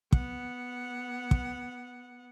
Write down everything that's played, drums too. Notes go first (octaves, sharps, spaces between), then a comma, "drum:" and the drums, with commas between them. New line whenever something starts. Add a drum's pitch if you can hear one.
B3 F#5, drum: kick
drum: kick